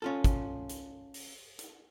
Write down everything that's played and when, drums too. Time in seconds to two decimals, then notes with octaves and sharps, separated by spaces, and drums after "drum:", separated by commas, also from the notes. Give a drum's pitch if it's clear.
0.02 C#4 F4 A4
0.24 drum: kick, hi-hat
0.69 drum: hi-hat
1.14 drum: open hi-hat
1.59 drum: hi-hat